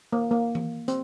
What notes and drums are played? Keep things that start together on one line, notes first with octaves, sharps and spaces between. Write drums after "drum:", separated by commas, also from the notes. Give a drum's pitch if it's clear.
A#3
A#3
drum: tom E3
C4, drum: hi-hat